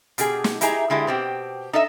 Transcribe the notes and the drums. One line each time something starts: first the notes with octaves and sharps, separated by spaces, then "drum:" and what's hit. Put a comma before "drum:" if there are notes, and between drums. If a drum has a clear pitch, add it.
B2 G4 G#4, drum: hi-hat
drum: snare
D#4 E4 G4 G#4 G#5 A#5, drum: hi-hat
D3 G#3 E4 G4
B2 C4 G4
D#4 A4 D#5 E5